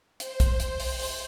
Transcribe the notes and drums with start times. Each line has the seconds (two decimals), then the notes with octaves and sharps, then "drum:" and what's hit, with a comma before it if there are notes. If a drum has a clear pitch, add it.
0.20 C5, drum: hi-hat
0.40 drum: kick, hi-hat
0.60 drum: hi-hat
0.80 drum: open hi-hat
1.00 drum: open hi-hat